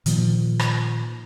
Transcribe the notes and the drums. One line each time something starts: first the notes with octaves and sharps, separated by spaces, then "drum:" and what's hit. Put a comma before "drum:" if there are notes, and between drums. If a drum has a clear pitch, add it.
A#2 D#3 F3 A#3, drum: hi-hat
drum: rim click